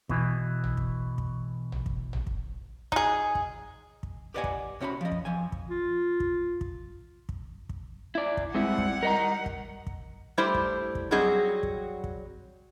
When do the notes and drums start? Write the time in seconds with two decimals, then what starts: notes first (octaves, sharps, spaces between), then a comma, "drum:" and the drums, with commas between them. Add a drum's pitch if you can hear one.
0.09 B2 E3, drum: kick
0.64 drum: tom
0.77 drum: kick
1.18 drum: kick
1.72 drum: tom
1.86 drum: kick
2.13 drum: tom
2.27 drum: kick
2.92 D#4 G#4, drum: kick
3.35 drum: kick
4.03 drum: kick
4.34 G4 B4 D5 D#5 F#5 G#5
4.44 drum: kick
4.80 C3 C#4 F#4 A#5 B5
5.01 F3 D#5
5.12 drum: kick
5.25 F2 F3 G#5
5.52 drum: kick
5.69 F4
6.20 drum: kick
6.61 drum: kick
7.29 drum: kick
7.69 drum: kick
8.15 E4 D5
8.37 drum: kick
8.55 G3 G#3 C4 E4 F#5
8.78 drum: kick
9.03 A#4 D#5 A#5
9.46 drum: kick
9.87 drum: kick
10.38 G3 A3 E4 G4 C5
10.54 drum: kick
10.95 drum: kick
11.11 F#3 G3 C4 F#4 G#4 D#5
11.63 drum: kick
12.04 drum: kick